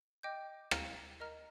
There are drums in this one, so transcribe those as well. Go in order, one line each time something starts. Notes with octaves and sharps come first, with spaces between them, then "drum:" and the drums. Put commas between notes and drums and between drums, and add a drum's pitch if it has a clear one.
D#5 G5 D6 G6
F5 A#5 F6, drum: rim click
A#4 D#5 A#5 F6